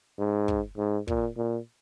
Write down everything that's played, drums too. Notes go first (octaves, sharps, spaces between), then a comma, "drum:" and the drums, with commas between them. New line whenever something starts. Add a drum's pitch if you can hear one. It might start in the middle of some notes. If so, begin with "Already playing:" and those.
G#2
drum: kick
G#2
A#2, drum: kick
A#2